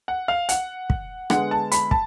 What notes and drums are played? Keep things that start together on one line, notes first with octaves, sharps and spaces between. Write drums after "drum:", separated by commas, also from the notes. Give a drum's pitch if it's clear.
F#5
F5
F#5, drum: hi-hat
drum: kick
D3 G#3 B3 F#5, drum: rim click
A5
B5, drum: hi-hat
A5, drum: kick